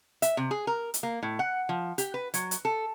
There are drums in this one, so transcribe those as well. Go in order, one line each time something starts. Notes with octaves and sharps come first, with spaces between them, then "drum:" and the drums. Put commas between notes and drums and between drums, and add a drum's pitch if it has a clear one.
E5, drum: hi-hat
C3
G#4
A#4
drum: hi-hat
A#3
A2
F#5
F3
G4, drum: hi-hat
B4
F#3, drum: hi-hat
drum: hi-hat
A4